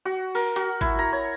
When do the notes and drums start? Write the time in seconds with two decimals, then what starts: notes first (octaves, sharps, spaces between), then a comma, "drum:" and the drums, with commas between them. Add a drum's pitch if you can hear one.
0.05 F#4
0.35 A#4, drum: open hi-hat
0.56 F#4, drum: hi-hat
0.81 E4, drum: kick G#1, hi-hat
0.99 A#5
1.13 C#5